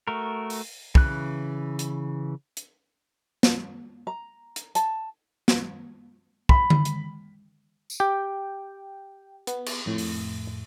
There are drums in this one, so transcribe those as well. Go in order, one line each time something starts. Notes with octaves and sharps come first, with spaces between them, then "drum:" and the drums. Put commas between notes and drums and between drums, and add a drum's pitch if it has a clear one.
A3 F#4 A#4
drum: open hi-hat
C#3 E3 F#6, drum: kick
drum: hi-hat
drum: hi-hat
drum: snare
A#5
drum: hi-hat
A5, drum: hi-hat
drum: snare
B5, drum: kick
drum: tom D3
drum: hi-hat
drum: tambourine
G4 G5
B3, drum: hi-hat
drum: cymbal
F2 A2
drum: open hi-hat